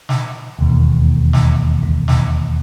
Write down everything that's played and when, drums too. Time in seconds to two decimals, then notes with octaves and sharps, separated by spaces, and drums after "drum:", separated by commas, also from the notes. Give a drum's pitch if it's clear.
0.09 drum: snare
0.59 E1 D#2
1.33 drum: snare
1.83 drum: kick
2.08 drum: snare